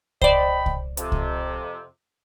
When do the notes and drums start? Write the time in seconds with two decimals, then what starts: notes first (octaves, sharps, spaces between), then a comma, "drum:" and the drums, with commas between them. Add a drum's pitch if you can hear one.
0.22 C5 D5 D#5 G5 B5, drum: kick C2
0.66 drum: kick C2
0.97 F2 C3, drum: hi-hat
1.12 drum: kick C2